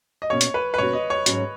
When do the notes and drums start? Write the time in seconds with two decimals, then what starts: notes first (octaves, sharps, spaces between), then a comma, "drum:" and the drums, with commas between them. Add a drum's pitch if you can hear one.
0.22 D#5
0.30 B2 A#3 C#4 F#4 C#5
0.41 drum: hi-hat
0.54 B4
0.74 B4
0.78 B2 A#3 C#4 F#4 C#5
0.93 D#5
1.10 C#5
1.26 G#2 F#3 C#4 F#4, drum: hi-hat